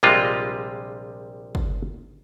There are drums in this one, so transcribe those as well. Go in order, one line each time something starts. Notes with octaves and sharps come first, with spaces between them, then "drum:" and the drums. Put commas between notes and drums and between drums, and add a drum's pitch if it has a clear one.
A#1 C3 G3 G#3 F4 D#5
drum: kick